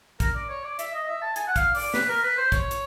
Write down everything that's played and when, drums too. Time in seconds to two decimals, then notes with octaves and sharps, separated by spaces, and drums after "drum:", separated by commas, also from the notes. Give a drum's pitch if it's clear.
0.20 A#4, drum: kick, hi-hat
0.35 D5
0.49 C#5
0.64 D5
0.79 E5, drum: hi-hat
0.93 D#5
1.08 E5
1.22 A5
1.36 G#5, drum: hi-hat
1.47 F#5
1.56 F5, drum: kick, hi-hat
1.75 D5, drum: open hi-hat
1.94 B4, drum: snare
2.08 A#4
2.23 B4
2.37 C5
2.52 C#5, drum: kick, hi-hat
2.71 drum: hi-hat